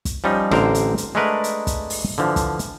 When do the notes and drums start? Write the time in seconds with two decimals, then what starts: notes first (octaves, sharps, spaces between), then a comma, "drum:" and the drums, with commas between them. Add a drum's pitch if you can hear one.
0.05 drum: kick, hi-hat
0.24 F3 G3 C#4 D#4
0.51 A1 D3 C4 A#4 C5 A#5, drum: rim click
0.75 drum: hi-hat
0.98 drum: hi-hat
1.15 G#3 A3 D4 A#4 B4 F#5
1.44 drum: hi-hat
1.67 drum: kick, hi-hat
1.90 drum: open hi-hat
2.18 D3 E3 F3
2.36 drum: kick, hi-hat
2.59 drum: hi-hat